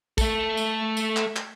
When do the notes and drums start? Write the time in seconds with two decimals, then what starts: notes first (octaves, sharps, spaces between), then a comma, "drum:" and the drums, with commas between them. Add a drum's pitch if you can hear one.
0.18 A3 A4, drum: kick, tambourine
0.57 drum: tambourine
0.97 drum: tambourine
1.17 drum: clap
1.36 drum: clap